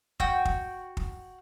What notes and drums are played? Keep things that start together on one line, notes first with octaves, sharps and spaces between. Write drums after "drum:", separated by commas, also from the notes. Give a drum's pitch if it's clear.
F#4 G5, drum: kick
drum: kick
drum: kick